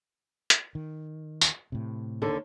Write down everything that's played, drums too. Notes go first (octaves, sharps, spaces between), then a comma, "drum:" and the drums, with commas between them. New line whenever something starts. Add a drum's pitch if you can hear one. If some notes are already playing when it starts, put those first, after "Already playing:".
drum: hi-hat
D#3
drum: tambourine
A2 C3
D#2 D3 A4